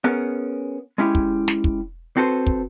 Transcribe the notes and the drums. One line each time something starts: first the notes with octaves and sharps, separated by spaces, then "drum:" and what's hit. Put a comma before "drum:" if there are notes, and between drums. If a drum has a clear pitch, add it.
B3 C#4 G#4 A#4
G#3 C#4 E4 G4
drum: kick
drum: snare
drum: kick
C4 F#4 A4 B4 C5
drum: kick